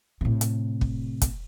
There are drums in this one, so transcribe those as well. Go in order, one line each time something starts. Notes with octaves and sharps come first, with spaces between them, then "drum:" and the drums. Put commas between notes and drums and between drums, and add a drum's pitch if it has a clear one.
A2 C3
drum: hi-hat
drum: kick
drum: kick, hi-hat